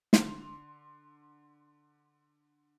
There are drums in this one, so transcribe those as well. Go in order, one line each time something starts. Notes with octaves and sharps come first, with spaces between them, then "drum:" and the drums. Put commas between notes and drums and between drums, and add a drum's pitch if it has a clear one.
D3 C6 F7, drum: snare